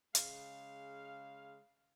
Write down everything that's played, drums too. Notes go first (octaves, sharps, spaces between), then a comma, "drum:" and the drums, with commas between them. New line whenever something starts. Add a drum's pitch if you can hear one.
C#3 G#3 F5, drum: hi-hat